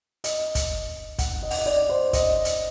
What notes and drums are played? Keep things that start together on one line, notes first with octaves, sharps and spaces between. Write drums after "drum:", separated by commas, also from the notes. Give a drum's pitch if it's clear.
D#5, drum: hi-hat
drum: kick, hi-hat
F#5, drum: kick, hi-hat
D#5
F#5, drum: open hi-hat
D#5
D5
C5
D#5, drum: kick, hi-hat
drum: hi-hat